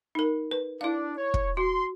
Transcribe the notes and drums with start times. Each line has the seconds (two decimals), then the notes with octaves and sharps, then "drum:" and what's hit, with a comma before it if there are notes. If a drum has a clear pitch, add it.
0.15 D#4 A#4
0.51 B4
0.81 D4 E4 F5
1.16 C#5
1.34 drum: kick
1.57 F#4 C6